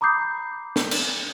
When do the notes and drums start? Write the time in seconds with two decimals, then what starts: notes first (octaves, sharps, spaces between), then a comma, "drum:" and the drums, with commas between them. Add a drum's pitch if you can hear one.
0.01 A#5 B5 D6 D#6 G6 C7
0.76 drum: snare
0.91 drum: cymbal